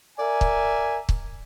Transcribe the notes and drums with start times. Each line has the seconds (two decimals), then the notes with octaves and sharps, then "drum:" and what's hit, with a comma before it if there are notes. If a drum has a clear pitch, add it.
0.18 A#4 D5 E5 G#5
0.41 drum: kick
1.09 drum: kick